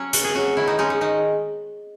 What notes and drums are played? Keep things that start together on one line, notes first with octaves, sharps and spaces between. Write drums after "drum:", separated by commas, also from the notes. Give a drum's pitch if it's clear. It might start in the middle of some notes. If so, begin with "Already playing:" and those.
Already playing: F#3 C#4
C#3 F#4, drum: hi-hat
G#4
F#3 C#4 F#4
D#3 E4
D#4
G#3 C#4 D#4
D#4
D#3 D#4